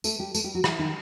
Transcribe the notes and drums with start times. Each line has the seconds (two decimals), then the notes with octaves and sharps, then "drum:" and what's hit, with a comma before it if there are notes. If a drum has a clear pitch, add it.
0.04 A3 A4, drum: tambourine
0.19 G3 G4
0.34 A3 A4, drum: tambourine
0.44 G3 G4
0.54 F#3 F#4
0.64 E3 E4, drum: rim click
0.79 D#3 D#4